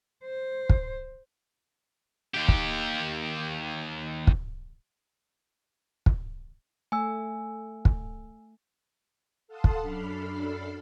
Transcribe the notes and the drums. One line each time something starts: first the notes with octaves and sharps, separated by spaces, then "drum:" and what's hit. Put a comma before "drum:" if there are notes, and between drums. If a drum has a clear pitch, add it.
C5
drum: kick
D#2 G4
drum: kick
drum: kick
drum: kick
A3 G#5 E6
drum: kick
A4 F5 F#5 A5 C6 D#6
drum: kick
F#2 D4 A4 B5 F6 C7